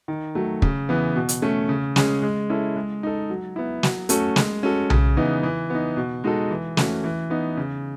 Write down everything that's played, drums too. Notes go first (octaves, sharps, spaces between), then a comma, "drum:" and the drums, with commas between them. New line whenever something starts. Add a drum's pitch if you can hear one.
D#3
F#3 A3
C#3, drum: kick
E3 B3
B2
drum: hi-hat
A3 C#4
C#3
G#3 C#4 G#4, drum: snare
G#3
C#4 E4 A4
G#3
D#4 A4
F#3
B3 E4
F#3, drum: snare
A3 C#4 F#4 A4, drum: hi-hat
G#3, drum: snare
C#4 F#4 A4
C#3, drum: tom B1
E3 B3 D#4
E3
B3 D#4
B2
G#3 D#4 F#4 A4
E3
A3 C#4 F#4, drum: snare
E3
B3 D#4
C#3